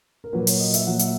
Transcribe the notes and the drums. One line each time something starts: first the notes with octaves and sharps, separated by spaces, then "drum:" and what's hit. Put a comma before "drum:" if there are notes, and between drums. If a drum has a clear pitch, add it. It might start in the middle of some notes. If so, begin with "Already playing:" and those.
A#4
A#2 F#3 A#3 B4
C#5, drum: open hi-hat
D#5
E5, drum: hi-hat
A#2 F#3 A#3 F#5
E5, drum: hi-hat